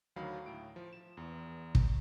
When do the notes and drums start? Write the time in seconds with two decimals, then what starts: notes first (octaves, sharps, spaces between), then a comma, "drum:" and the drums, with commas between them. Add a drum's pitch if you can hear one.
0.16 D2 D#3 F#3 F5 B5
0.46 A2 D7
0.76 F3
0.93 E7
1.17 E2
1.75 drum: kick